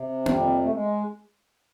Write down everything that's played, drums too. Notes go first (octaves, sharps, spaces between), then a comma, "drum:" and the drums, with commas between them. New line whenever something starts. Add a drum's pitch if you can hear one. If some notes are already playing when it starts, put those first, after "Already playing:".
Already playing: C3
F2 G3, drum: tom A#3
A3
G#3